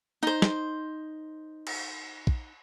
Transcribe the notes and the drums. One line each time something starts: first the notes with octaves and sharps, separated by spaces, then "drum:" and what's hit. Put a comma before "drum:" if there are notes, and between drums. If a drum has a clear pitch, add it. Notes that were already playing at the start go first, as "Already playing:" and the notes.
D#4 C5
drum: snare
drum: cymbal
drum: kick